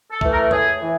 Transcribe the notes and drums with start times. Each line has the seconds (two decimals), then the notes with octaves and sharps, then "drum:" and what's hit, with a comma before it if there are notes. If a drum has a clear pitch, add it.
0.11 A4
0.21 E3 A3, drum: kick C2
0.31 A#4
0.51 A2 G#4, drum: tom F2
0.82 E3